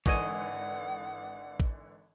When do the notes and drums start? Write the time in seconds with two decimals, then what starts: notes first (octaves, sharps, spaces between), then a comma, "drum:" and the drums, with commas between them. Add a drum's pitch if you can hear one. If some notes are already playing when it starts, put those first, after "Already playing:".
0.06 G#1 D3 E3 C#5 D#5 F#5 G#5, drum: kick
1.60 drum: kick